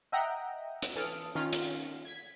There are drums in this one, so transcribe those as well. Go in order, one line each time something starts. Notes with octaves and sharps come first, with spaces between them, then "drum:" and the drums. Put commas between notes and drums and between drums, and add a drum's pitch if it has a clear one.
D#5 E5 F#5 G5 A#5
drum: hi-hat
E3 A4 D#6 F6 D7
D#3 C#4 F4 F6
drum: hi-hat
G#6 B6